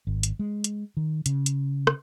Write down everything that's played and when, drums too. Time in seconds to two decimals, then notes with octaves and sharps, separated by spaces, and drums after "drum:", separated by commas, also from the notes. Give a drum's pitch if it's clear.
0.07 G#1
0.23 drum: hi-hat
0.39 G#3
0.64 drum: hi-hat
0.97 D#3
1.26 C#3, drum: hi-hat
1.46 drum: hi-hat
1.87 drum: rim click